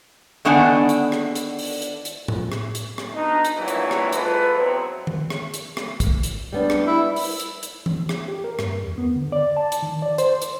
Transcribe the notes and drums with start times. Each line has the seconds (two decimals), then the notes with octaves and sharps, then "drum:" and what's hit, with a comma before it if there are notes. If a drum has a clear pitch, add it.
0.45 D3 D#3 B3 D4 F#5 G#5
0.89 drum: hi-hat
1.12 drum: rim click
1.35 drum: hi-hat
1.59 drum: open hi-hat
1.82 drum: hi-hat
2.05 drum: hi-hat
2.28 drum: tom A2
2.52 drum: rim click
2.75 drum: hi-hat
2.98 drum: rim click
3.14 B2 D4 D#4
3.45 drum: hi-hat
3.56 G#1 G2 A#2 E3 F#3
3.68 drum: hi-hat
3.91 drum: rim click
4.13 G#2 F4 A4 B4, drum: hi-hat
4.54 E2 F#3 C4
5.07 drum: tom D#3
5.30 drum: rim click
5.54 drum: hi-hat
5.77 drum: rim click
6.00 drum: kick, hi-hat
6.23 drum: hi-hat
6.52 G3 B3 D4
6.70 drum: rim click
6.87 E4
7.16 drum: open hi-hat
7.40 drum: hi-hat
7.63 drum: hi-hat
7.86 drum: tom E3
8.09 drum: rim click
8.28 G4
8.44 A#4
8.59 G2, drum: rim click
8.84 E2
8.98 B3
9.16 D3
9.32 D5
9.57 A5
9.72 drum: hi-hat
9.82 D#3
10.02 D5
10.18 C5, drum: hi-hat
10.42 drum: hi-hat